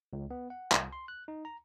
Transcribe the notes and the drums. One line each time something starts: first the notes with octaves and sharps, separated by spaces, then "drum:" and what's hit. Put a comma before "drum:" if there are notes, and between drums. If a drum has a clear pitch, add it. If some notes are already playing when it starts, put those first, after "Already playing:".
C#2
B3
F#5
C2, drum: clap
C6
F#6
D#4
A#5